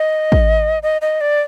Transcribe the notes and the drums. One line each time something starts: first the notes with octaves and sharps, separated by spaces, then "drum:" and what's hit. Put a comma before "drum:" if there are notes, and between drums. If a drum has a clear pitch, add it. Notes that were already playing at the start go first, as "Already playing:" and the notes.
Already playing: D#5
drum: kick
D#5
D#5
D5